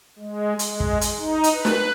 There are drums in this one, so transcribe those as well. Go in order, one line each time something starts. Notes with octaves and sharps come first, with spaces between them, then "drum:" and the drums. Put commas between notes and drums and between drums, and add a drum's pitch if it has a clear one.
G#3
G#3, drum: hi-hat
drum: kick
drum: hi-hat
D#4
drum: hi-hat
B4
drum: snare